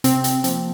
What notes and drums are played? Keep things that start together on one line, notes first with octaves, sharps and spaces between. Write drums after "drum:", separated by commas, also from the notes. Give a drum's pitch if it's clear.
C3 C4, drum: hi-hat
drum: hi-hat
F3 A#3 C4, drum: hi-hat